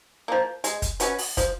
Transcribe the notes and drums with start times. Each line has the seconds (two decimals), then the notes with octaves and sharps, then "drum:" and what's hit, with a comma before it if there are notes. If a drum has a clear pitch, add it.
0.28 F3 A#3
0.64 G#3, drum: hi-hat
0.82 drum: kick, hi-hat
1.00 C#4 F#4 B4, drum: hi-hat
1.18 drum: open hi-hat
1.37 F3, drum: kick, hi-hat